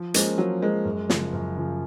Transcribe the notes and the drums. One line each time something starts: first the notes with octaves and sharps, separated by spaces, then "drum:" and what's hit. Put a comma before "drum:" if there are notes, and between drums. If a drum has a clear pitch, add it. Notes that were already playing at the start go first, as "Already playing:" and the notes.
Already playing: F3
G#3 A#3 C#4 F4 C5, drum: hi-hat
F3 F#3
G#3 A#3 C#4 F4 C5
F#2
C#3 F3, drum: snare
F#2
C#3 F3